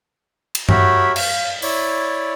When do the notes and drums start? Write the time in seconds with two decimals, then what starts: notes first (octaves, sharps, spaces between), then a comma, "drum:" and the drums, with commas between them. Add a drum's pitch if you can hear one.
0.55 drum: cymbal
0.69 F#4 G4 A#4 C#5 E5 B5, drum: tom G2
1.16 F5, drum: cymbal
1.62 E4 C#5 D5, drum: open hi-hat